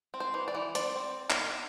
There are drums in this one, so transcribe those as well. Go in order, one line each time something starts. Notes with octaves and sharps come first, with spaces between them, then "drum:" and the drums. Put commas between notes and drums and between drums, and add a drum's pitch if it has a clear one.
C4
C5
E3
D5
E3
C4 D5, drum: hi-hat
C4
drum: clap